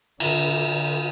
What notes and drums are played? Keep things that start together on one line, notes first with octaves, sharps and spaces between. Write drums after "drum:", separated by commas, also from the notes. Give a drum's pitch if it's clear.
D3, drum: cymbal
D3